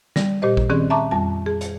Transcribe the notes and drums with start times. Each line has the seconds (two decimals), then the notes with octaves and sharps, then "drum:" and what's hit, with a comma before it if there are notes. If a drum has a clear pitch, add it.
0.16 G3 D5, drum: snare
0.42 A#2 G4 C5 D#5
0.57 drum: kick A1
0.70 D#3 C4 C#4 G#4 D5 F#6
0.90 E5 A5 A#5 C#6 D6
1.11 F2 G3 A5
1.46 G#4
1.61 drum: hi-hat